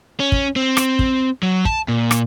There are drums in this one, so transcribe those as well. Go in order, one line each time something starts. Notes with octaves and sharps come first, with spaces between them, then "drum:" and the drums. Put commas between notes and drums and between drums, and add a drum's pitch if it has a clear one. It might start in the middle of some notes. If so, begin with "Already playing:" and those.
C#4
drum: kick
C4
drum: rim click
drum: kick
F#3
A5, drum: kick
A#2
drum: rim click